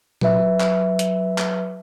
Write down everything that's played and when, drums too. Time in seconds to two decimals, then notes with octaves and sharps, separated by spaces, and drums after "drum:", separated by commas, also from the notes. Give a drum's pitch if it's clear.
0.21 F#3 B4 E5, drum: tom A#2
0.60 drum: clap
0.99 drum: hi-hat
1.38 drum: clap